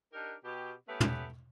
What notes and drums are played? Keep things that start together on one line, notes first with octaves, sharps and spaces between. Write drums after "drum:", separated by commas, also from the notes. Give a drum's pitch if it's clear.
D4 D#4 G4 A#4
B2 G4
A3 B3 C#4 G4 B4
drum: tom